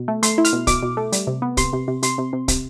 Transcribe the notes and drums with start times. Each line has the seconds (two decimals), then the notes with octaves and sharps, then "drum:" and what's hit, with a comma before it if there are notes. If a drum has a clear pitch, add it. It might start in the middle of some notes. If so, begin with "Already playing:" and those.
Already playing: B2
0.08 A3
0.23 A3 C6, drum: hi-hat
0.38 E4
0.45 F6, drum: hi-hat
0.53 B2
0.67 B2 D6, drum: kick, hi-hat
0.83 B2
0.97 A3
1.12 G3, drum: hi-hat
1.27 C3
1.42 B3
1.57 C3 C6, drum: kick, hi-hat
1.73 C3
1.88 C3
2.03 C3 C6, drum: hi-hat
2.18 C3
2.33 C3
2.48 C3, drum: kick, hi-hat